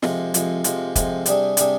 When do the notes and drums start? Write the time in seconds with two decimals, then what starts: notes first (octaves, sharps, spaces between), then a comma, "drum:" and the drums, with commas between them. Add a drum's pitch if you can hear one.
0.03 F2 C3 F3 G#3, drum: snare
0.34 F2 C3 F3 G#3, drum: hi-hat
0.64 F2 C3 F3 G#3, drum: hi-hat
0.96 F2 C3 F3 G#3, drum: kick, hi-hat
1.26 C3 G3 D4 G#4, drum: hi-hat
1.57 C3 G3 D4 G#4, drum: hi-hat